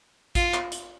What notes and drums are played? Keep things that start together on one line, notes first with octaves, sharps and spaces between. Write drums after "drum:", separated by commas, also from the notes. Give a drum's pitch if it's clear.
F4, drum: kick A1, hi-hat
drum: clap
drum: hi-hat